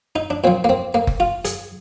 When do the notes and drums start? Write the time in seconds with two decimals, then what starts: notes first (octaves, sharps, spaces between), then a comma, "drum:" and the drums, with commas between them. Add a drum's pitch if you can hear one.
0.16 D#4
0.30 D4
0.44 A#2 F3 C4
0.64 A#3
0.69 C4
0.94 A#3
1.07 drum: kick F#1
1.20 F4
1.45 G#4, drum: hi-hat